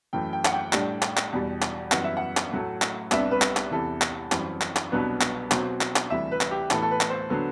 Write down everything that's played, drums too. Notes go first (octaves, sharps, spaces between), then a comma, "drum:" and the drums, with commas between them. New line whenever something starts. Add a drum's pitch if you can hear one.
F#2 E3 A3 G5
G5
F#5, drum: clap
G5
A2 G3 D4, drum: clap
drum: clap
drum: clap
E2 B2 G3
drum: clap
F#2 E3 G3 B3 F#5, drum: clap
E5
F#5
drum: clap
A2 F#3 A3
drum: clap
C2 C3 G3 B3 D4 E5, drum: clap
B4
drum: clap
drum: clap
E2 C3 E3 A4
drum: clap
F#2 E3 G3 C4, drum: clap
drum: clap
drum: clap
C2 B2 F#3 B3 D4 B4
drum: clap
B2 F#3 C4, drum: clap
drum: clap
drum: clap
D2 C3 E3 G3 E5
B4
drum: clap
G4
A2 E3 B3 A4, drum: clap
A4
B4
drum: clap
C5
D3 F#3 B3